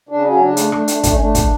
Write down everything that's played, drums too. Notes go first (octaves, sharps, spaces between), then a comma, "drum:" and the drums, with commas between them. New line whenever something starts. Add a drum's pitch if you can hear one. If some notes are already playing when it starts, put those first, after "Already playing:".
C#3 D4
F#3 C#4
C#3 D4
A3, drum: hi-hat
A3, drum: rim click
A3, drum: hi-hat
A3, drum: kick, hi-hat
C#4
A3 D4
C#3, drum: kick, hi-hat